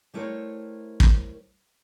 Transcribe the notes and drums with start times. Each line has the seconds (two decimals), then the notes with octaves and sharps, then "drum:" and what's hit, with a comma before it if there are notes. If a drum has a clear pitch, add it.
0.14 G3 A3 E4 A#4 C5 C#5
1.00 drum: kick